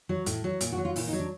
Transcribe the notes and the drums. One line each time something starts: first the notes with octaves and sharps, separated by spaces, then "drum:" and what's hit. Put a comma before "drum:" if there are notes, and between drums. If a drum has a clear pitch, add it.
F#3
A2, drum: hi-hat
F#3
A#2, drum: hi-hat
F#4
F#3
F4
A#2 E4, drum: open hi-hat
D#4
F#3
D4